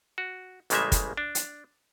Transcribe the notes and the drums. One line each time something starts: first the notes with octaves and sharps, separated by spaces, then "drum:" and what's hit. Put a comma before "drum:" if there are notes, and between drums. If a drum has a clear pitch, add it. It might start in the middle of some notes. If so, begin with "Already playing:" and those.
F#4
A1 C#3 G3 G#3 A#3 E5, drum: hi-hat
drum: kick, hi-hat
D4
drum: hi-hat